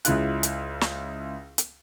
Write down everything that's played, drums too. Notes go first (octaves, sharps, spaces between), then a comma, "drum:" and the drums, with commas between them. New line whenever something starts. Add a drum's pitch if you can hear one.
C#2 C#3 E4 F4 F#6, drum: hi-hat
drum: hi-hat
drum: snare
drum: hi-hat